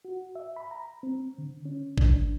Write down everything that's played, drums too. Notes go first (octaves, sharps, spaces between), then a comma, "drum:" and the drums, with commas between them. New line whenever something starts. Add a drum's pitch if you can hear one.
F#4
E5
B5
A#5
C4
D3
C#4
D4, drum: kick